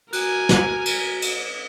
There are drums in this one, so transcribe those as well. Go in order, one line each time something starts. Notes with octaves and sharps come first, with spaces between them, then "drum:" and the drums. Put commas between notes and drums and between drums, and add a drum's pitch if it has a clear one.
F#4 A#4 G#5, drum: cymbal
drum: snare
drum: cymbal
drum: cymbal